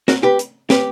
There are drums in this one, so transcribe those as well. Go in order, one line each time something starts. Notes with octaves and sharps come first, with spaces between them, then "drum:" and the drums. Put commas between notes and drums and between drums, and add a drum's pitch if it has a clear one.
F#4 A#4, drum: snare
G4 B4
drum: hi-hat
G4 B4, drum: snare